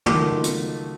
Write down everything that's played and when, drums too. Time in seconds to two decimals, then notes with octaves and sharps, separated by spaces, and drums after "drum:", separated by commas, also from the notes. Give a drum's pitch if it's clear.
0.06 C#2 D#3 F#3 A3 C6 D6, drum: tom
0.44 drum: hi-hat